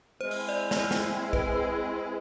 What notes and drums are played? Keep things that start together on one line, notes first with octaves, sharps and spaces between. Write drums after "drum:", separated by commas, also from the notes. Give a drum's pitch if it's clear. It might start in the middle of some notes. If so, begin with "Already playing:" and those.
G#3 C4 E4 C5
drum: open hi-hat
D5
D5, drum: snare
C5
drum: snare
B4, drum: kick